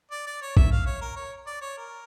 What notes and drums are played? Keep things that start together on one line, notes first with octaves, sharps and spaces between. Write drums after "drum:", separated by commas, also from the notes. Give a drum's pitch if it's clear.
D5
D5
C#5
E5, drum: kick A#1
F5
C#5
A#4
C#5
D5
C#5
A#4